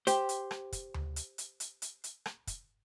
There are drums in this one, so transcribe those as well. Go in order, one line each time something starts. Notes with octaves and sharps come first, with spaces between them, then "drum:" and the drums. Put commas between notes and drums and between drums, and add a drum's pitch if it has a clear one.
G4 C5, drum: hi-hat
drum: hi-hat
drum: rim click
drum: kick, hi-hat
drum: tom D2
drum: hi-hat
drum: hi-hat
drum: hi-hat
drum: hi-hat
drum: hi-hat
drum: rim click
drum: kick, hi-hat